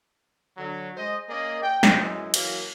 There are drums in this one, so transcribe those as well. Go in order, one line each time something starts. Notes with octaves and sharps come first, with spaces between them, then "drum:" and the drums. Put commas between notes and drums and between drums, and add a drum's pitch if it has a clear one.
D3 F#3
G#3 C5 D#5
A#3 C#4 G#4 D5 D#5
G5
drum: snare
F#2 E3 G#3
E3 F#3 A#3, drum: cymbal